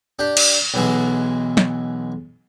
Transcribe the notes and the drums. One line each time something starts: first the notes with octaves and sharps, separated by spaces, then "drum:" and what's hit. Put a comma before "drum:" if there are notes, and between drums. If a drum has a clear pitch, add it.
D4 G4
drum: cymbal
B1 E3 G#3
drum: snare